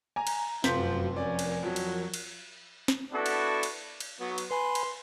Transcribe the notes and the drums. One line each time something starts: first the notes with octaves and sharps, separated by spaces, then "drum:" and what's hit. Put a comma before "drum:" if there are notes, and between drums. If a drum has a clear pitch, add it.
G#5 A#5
drum: cymbal
F1 F#2 F3 F#4 C6 G6 B6, drum: snare
F3 C#4 A#4 D5
drum: cymbal
F2 F#3
drum: cymbal
drum: cymbal
drum: snare
B3 D4 E4 F#4 A4
drum: cymbal
drum: cymbal
drum: cymbal
F#3 B3
drum: cymbal
B4 G#5 B5 C6
drum: cymbal